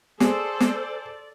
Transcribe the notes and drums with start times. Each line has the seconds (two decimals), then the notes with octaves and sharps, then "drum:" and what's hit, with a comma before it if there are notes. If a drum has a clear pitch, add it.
0.20 G#4 A4 C5 D5, drum: snare
0.60 drum: snare